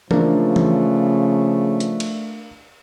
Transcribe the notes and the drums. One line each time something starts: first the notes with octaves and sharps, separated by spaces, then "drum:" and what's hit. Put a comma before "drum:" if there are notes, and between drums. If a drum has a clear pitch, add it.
C#3 F3 A3 A#3 D4, drum: tom E3
drum: tom E3
drum: hi-hat
drum: cymbal